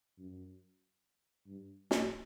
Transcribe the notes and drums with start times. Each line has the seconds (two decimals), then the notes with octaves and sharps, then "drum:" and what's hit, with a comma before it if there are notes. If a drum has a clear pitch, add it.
0.19 F#2
1.47 G2
1.91 A2, drum: snare